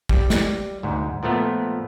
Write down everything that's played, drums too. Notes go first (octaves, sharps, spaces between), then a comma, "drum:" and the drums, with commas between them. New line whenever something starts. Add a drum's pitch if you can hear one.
G3, drum: kick
drum: snare
D2 G#2
A#2 F3 A3 B3